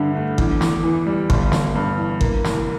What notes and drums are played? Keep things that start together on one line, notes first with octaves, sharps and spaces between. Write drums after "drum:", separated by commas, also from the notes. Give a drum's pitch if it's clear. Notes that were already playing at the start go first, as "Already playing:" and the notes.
Already playing: G2 D3 E4
A3
E2, drum: kick G1
E2, drum: snare
E3
G3
G1, drum: kick G1
G1, drum: snare
G2
E3
A#3, drum: kick G1
C2, drum: snare